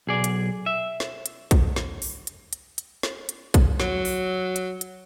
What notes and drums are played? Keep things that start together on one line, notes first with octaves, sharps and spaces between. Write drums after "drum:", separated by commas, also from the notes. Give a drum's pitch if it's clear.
B1 G#4 D5
drum: hi-hat
E5
drum: snare
drum: hi-hat
drum: kick, hi-hat
drum: snare
drum: open hi-hat
drum: hi-hat
drum: hi-hat
drum: hi-hat
drum: snare
drum: hi-hat
drum: kick, hi-hat
F#3, drum: snare
drum: open hi-hat
drum: hi-hat
drum: hi-hat